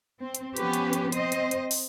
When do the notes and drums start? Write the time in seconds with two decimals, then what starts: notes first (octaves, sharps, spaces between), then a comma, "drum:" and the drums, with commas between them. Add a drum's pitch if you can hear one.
0.20 C4
0.35 drum: hi-hat
0.57 F3 B3 C#4 G4 B4, drum: hi-hat
0.73 drum: hi-hat
0.93 drum: hi-hat
1.12 C4 C5 D#5, drum: hi-hat
1.32 drum: hi-hat
1.51 drum: hi-hat
1.71 drum: open hi-hat